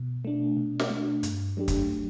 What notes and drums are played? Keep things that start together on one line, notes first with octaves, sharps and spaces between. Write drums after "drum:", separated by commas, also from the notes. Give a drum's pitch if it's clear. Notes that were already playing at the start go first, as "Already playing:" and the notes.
Already playing: B2
A3 D4
B2
drum: snare
A3
D4
G2, drum: hi-hat
F#3 A3 D4 G4
drum: kick, hi-hat